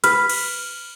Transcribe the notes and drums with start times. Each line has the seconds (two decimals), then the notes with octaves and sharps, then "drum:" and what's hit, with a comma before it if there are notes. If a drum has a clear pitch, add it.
0.04 B4 F6, drum: hi-hat
0.29 drum: cymbal